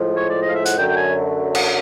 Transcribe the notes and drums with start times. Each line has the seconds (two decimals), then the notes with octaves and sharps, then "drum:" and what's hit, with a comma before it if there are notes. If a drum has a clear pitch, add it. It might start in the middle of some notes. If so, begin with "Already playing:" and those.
Already playing: A2 F3 G#3
0.17 C#5
0.29 D5
0.41 D#5
0.49 F5
0.53 E5
0.66 F#5, drum: hi-hat
0.78 F#2 D3 F#3 A3 G5
0.97 G#5
1.55 drum: cymbal